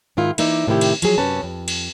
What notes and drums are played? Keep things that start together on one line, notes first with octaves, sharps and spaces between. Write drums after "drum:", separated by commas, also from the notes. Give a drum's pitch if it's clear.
G#2 D#3 E4 F4
E3 A#3 D#4 D5 E5, drum: cymbal
A2 C3 D#3 E4 G4
drum: cymbal
F3 F#3 G#4, drum: cymbal
F#2 C3 C#4 B4 A5
F2
drum: cymbal